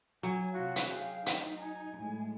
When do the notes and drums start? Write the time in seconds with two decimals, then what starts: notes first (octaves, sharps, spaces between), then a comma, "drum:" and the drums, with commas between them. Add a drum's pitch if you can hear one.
0.23 F#3 G#5
0.53 C3 F4 F#4
0.76 drum: hi-hat
0.88 G#4 F5 G5
1.26 D#4, drum: hi-hat
1.59 G#5
1.98 A2 G#3